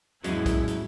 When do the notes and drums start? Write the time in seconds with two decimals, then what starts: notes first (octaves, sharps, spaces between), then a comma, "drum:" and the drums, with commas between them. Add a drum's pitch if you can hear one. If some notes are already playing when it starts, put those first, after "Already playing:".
0.24 E2 A2 F#3 G#3 C#4 E4, drum: hi-hat
0.46 drum: kick, hi-hat
0.68 drum: hi-hat